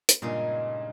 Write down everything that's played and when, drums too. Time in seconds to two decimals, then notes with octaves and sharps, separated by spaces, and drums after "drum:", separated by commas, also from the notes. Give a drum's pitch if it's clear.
0.09 drum: hi-hat
0.22 G2 A#2 C#3 G#3 D#4 G#4